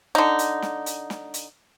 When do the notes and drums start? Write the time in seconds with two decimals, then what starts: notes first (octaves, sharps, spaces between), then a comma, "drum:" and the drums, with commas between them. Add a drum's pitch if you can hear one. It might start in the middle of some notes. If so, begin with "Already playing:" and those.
0.15 D3 D#4
0.39 drum: hi-hat
0.62 drum: snare
0.86 drum: hi-hat
1.10 drum: snare
1.34 drum: hi-hat